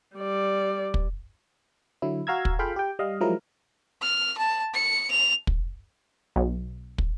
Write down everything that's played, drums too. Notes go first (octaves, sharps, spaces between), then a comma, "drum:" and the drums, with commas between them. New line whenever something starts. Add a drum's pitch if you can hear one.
G3 D5
drum: kick
D3 F#3 E4
F#4 F5 A#5 E6 G#6
drum: kick
F4 G#4 A4 F5 G5 B5
G4 G5
G3 D#5 F5
F3 F#3 G#3 E4 A#4
F6
A5
C#7
F7
drum: kick
B1
drum: kick